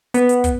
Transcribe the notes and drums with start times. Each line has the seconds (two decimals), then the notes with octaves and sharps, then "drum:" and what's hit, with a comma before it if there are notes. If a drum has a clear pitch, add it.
0.14 B3, drum: hi-hat
0.29 drum: hi-hat
0.44 drum: kick, hi-hat